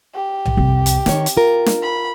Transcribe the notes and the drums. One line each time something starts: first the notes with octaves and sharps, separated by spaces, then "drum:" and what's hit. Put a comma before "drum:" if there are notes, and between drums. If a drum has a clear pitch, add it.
G4
drum: tom B1
C2 F2
drum: hi-hat
D#3 C4 E4 C#5, drum: snare
drum: hi-hat
F4 A#4
drum: snare
B5